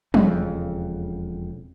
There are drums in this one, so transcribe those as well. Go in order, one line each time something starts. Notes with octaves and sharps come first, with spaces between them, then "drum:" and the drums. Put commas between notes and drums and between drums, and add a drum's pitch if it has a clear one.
E1 F2 C#3, drum: tom